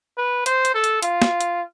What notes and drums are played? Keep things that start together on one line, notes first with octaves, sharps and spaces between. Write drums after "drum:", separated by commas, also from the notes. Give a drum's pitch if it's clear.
B4
C5, drum: hi-hat
drum: hi-hat
A4
drum: hi-hat
F4, drum: hi-hat
drum: snare
drum: hi-hat